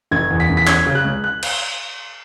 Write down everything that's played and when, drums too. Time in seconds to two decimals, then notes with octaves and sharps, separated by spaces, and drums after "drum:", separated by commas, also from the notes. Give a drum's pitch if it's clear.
0.11 F#1 G#6
0.30 E2
0.40 B6
0.49 F#1
0.57 B6
0.67 C#4 G#6, drum: clap
0.86 C#3
0.95 F#6
1.05 C#2
1.24 F#6
1.43 drum: cymbal